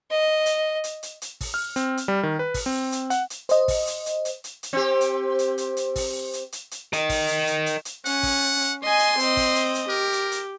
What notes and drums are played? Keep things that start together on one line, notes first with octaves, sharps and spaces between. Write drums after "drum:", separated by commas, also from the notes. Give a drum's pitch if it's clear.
D#5
drum: hi-hat
drum: hi-hat
drum: hi-hat
drum: hi-hat
drum: kick, open hi-hat
F6
C4, drum: hi-hat
drum: hi-hat
G3
D#3
B4
drum: kick, open hi-hat
C4
drum: hi-hat
F#5, drum: hi-hat
drum: hi-hat
C5 D#5, drum: hi-hat
drum: kick, open hi-hat
drum: hi-hat
drum: hi-hat
drum: hi-hat
drum: hi-hat
drum: hi-hat
C4 G4
drum: hi-hat
drum: hi-hat
drum: hi-hat
drum: hi-hat
drum: kick, open hi-hat
drum: hi-hat
drum: hi-hat
drum: hi-hat
A#4 D#5, drum: hi-hat
drum: kick, open hi-hat
drum: hi-hat
drum: hi-hat
drum: hi-hat
drum: hi-hat
C#4 F#5, drum: hi-hat
drum: kick, open hi-hat
drum: hi-hat
D#5 G#5 C6
drum: hi-hat
C4 D#5, drum: hi-hat
drum: kick, open hi-hat
drum: hi-hat
drum: hi-hat
G4 A#4
drum: hi-hat
drum: hi-hat